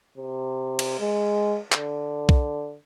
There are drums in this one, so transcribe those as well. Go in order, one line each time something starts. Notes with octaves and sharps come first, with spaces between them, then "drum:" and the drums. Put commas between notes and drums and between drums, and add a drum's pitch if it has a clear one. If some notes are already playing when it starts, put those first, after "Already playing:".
C3
drum: cymbal
G#3
D3, drum: clap
drum: kick B1